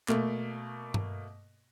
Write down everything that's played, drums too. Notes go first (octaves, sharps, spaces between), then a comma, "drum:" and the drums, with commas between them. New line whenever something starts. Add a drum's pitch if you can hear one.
B2 A3 A#3, drum: clap
drum: tom G2